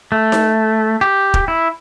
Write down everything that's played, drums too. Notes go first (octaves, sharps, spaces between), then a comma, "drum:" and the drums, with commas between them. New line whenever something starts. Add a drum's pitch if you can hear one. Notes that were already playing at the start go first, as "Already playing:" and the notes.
A3
drum: snare D#4
G4
drum: kick
E4